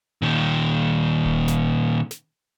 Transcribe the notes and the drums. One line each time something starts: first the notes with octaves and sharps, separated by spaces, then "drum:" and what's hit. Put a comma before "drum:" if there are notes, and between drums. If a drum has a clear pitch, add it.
A#2 D#3
drum: kick D1
drum: snare
drum: snare